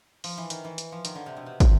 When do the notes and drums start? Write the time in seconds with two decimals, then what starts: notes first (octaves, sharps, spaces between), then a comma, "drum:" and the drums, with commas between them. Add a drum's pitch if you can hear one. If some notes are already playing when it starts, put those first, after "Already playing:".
0.24 F3, drum: open hi-hat
0.38 E3
0.50 D#3, drum: hi-hat
0.64 E3
0.78 drum: hi-hat
0.92 F3
1.05 D#3, drum: hi-hat
1.15 D3
1.26 C3
1.37 B2
1.46 C3
1.60 C3, drum: kick, hi-hat